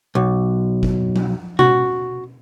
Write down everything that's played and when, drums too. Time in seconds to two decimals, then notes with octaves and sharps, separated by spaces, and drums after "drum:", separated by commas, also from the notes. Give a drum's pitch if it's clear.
0.15 B1
0.83 drum: kick G1
1.16 drum: tom F3
1.59 F#4, drum: tom B2